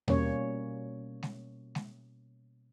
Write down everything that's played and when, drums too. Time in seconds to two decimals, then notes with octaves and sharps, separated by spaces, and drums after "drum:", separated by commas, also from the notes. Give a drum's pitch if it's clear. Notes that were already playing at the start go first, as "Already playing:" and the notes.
0.08 B2 G3 A#3 C#4 C#5, drum: tom D#2
1.23 drum: snare G#3
1.75 drum: snare G#3